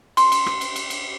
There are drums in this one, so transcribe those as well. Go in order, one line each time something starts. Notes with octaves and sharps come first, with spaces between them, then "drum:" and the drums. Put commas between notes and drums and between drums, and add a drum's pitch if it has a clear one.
C6, drum: cymbal
drum: cymbal
drum: rim click
drum: cymbal
drum: cymbal
drum: cymbal